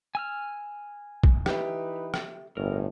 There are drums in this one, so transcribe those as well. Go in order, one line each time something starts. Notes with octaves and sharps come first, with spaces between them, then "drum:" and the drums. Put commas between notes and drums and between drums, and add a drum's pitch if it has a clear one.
G#5 E6 F6
drum: kick
E3 D#4 G4 B4 E5, drum: rim click
drum: rim click
G1 A2 A#4